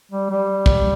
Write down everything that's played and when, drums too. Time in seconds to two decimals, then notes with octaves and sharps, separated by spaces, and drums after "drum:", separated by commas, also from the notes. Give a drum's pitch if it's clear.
0.12 G3
0.30 G3
0.66 drum: kick